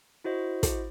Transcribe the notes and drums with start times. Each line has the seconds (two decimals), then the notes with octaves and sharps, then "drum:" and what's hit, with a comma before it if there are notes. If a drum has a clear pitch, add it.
0.24 E4 F#4 C5 D#5
0.63 drum: kick, hi-hat